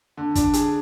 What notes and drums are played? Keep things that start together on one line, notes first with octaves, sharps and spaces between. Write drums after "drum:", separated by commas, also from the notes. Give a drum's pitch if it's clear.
D3
D4, drum: kick, hi-hat
G#4, drum: hi-hat